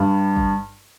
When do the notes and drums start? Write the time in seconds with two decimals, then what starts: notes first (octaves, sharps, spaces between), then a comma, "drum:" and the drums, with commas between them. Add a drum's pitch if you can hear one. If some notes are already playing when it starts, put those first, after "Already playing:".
Already playing: G2 G3
0.36 drum: kick